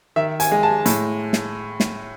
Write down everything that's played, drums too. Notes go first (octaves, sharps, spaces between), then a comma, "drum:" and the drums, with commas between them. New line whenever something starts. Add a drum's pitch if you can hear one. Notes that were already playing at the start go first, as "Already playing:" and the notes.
D#3 E5
G#5, drum: hi-hat
G#3
A5
A2, drum: hi-hat
drum: snare
drum: snare